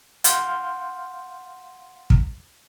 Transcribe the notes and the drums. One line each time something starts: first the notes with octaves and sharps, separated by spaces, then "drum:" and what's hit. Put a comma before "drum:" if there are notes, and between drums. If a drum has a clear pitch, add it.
F5 F#5 C6 F6 G6, drum: hi-hat
drum: kick